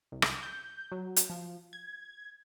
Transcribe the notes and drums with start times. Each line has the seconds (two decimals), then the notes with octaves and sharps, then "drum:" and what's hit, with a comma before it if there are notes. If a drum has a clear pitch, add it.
0.12 C2
0.22 drum: rim click
0.43 G6
0.92 F#3
1.16 drum: hi-hat
1.30 F3
1.73 G#6